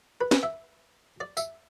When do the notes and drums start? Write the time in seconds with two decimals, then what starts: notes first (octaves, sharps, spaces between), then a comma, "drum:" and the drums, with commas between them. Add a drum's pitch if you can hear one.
0.21 B4
0.31 B4, drum: snare
0.43 E5
1.20 D5
1.37 E5, drum: tambourine